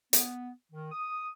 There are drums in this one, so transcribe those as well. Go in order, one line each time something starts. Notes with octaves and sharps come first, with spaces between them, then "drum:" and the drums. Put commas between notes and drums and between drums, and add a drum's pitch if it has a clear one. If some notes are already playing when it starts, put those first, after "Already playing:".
B3, drum: hi-hat
D#3
D#6